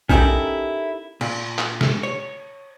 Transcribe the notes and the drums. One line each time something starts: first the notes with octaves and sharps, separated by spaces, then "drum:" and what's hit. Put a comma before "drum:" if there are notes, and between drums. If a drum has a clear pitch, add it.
C#4 D#4 E4 G4 A4 A#4, drum: kick A#1
A#2, drum: cymbal
drum: clap
drum: snare
C#5